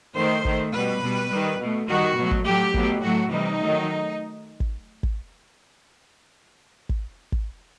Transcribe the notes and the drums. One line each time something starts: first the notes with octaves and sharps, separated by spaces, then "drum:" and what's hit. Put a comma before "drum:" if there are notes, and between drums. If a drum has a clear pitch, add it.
D#3 A3 C5
D#3 A3, drum: kick
B2 G3 B4
B2 G3
D#3 G3
B2 A3
D#3 G3 F#4
B2 F#3 A3
drum: kick
A2 F#3 A3 G4
B2 F#3 A3, drum: kick
A2 F#3 A3 F#4
C3 E3 G3 D#4
D#3 F#3 A3
drum: kick
drum: kick
drum: kick
drum: kick